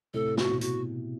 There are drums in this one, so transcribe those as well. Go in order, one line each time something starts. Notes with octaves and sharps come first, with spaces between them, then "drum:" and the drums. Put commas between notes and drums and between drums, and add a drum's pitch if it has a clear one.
A2 C3 A4
F#4, drum: snare
B2
F#4, drum: hi-hat